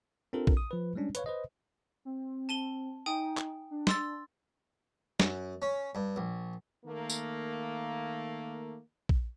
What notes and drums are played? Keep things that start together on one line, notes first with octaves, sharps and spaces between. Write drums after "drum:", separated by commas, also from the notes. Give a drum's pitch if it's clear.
C4 D4 F4 G4 A4 A#4
drum: kick
D#6
F3 B4
G3 G#3 C#4 D4
B4 C#5 F5, drum: hi-hat
B4 C5 D#5
C4
A5 D#7 G7
D#4 G5 G#5 D#6
drum: clap
D4
C6 E6 A6, drum: snare
F#2, drum: snare
C#4
G2
A#1
D#3 A3 A#3
drum: tambourine
drum: kick